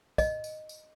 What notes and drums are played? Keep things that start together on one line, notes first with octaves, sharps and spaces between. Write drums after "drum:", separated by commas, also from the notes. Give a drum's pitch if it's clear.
D#5, drum: kick, tambourine
drum: tambourine
drum: tambourine